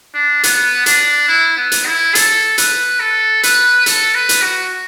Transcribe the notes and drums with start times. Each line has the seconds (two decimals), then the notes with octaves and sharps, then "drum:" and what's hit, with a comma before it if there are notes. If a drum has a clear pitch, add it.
0.14 D4
0.43 B3, drum: hi-hat
0.86 D4, drum: hi-hat
1.28 E4
1.57 B3
1.72 drum: hi-hat
1.86 E4
2.15 A4, drum: hi-hat
2.58 B4, drum: hi-hat
3.00 A4
3.43 B4, drum: hi-hat
3.86 A4, drum: hi-hat
4.15 B4
4.29 drum: hi-hat
4.43 F#4